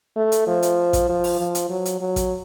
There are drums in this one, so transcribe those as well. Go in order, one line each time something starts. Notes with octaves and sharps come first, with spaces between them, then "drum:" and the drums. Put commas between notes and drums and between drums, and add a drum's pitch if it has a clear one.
A3
drum: hi-hat
F3
drum: hi-hat
drum: kick A1, hi-hat
F3
drum: open hi-hat
F3
drum: hi-hat
F#3
drum: hi-hat
F#3
drum: kick A1, hi-hat